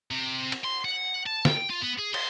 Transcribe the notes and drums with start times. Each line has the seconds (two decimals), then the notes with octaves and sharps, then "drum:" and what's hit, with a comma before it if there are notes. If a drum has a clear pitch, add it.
0.11 C3
0.52 drum: cymbal
0.64 C6
0.85 F#5
1.26 A5
1.45 G5, drum: snare
1.70 F4
1.82 B3
1.99 G#4
2.14 C6, drum: cymbal